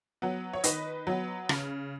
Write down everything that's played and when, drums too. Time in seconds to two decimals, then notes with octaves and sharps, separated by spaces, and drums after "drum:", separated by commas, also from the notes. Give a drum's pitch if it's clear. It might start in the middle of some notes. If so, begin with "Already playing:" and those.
0.22 F#3 B3
0.53 C#5
0.64 D#3 B4 D#5, drum: hi-hat
1.07 F#3 B3
1.49 C#3, drum: rim click